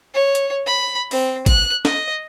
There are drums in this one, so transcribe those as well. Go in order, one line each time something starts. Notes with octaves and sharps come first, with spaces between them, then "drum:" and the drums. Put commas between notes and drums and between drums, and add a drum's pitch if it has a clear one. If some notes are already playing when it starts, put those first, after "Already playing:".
C#5
drum: hi-hat
B5
C4, drum: open hi-hat
F#6, drum: kick, hi-hat
D#5, drum: snare